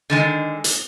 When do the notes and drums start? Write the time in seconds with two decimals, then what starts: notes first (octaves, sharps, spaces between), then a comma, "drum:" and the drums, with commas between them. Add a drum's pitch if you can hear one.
0.10 D3 D#3 G#3
0.64 drum: hi-hat